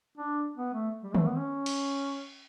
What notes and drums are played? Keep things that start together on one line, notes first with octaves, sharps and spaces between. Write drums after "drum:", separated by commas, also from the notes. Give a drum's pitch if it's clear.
D4
B3
A3
G3
A3, drum: tom D#3
B3
C#4
drum: cymbal